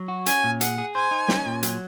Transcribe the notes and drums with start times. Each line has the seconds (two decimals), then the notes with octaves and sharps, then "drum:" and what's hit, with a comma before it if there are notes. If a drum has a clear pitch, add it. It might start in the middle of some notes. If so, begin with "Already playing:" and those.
Already playing: F#3
0.08 F#4
0.26 C#4 G#5, drum: hi-hat
0.44 A#2
0.61 G#4 F#5, drum: hi-hat
0.78 G#4
0.95 C5 G#5
1.11 D#4
1.29 C#4, drum: snare
1.46 A#2
1.63 F#3, drum: hi-hat